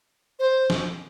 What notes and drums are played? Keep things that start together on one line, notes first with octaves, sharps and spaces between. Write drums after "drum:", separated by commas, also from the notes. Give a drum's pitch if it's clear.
C5
drum: snare